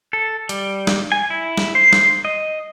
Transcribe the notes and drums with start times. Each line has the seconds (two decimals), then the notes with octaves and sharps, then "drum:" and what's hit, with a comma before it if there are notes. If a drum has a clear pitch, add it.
0.13 A4
0.49 G3, drum: hi-hat
0.87 drum: snare
1.12 G#5
1.30 E4
1.57 drum: snare
1.75 C5
1.93 drum: snare
2.25 D#5